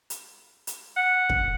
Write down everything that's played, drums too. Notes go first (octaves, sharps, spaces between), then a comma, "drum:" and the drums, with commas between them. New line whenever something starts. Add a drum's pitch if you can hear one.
drum: hi-hat
drum: hi-hat
F#5
drum: kick